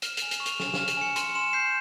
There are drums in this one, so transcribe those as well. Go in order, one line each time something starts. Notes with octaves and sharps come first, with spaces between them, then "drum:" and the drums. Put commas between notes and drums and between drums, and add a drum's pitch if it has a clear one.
F6 E7, drum: hi-hat
F7, drum: hi-hat
G#5
G7, drum: hi-hat
C#6
F7, drum: hi-hat
G#5 E7, drum: snare
E7, drum: snare
F6
E7, drum: hi-hat
G#5 C#7
C6 C#7, drum: hi-hat
C6 E7
G6 C7